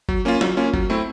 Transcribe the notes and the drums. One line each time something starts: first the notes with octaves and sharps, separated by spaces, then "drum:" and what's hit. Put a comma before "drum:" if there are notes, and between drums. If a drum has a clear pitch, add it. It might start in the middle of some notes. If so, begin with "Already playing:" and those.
F#3, drum: kick
A#3 C#4 F4
F#3, drum: snare
A#3 C#4 F4
F#3, drum: kick
A3 C4 E4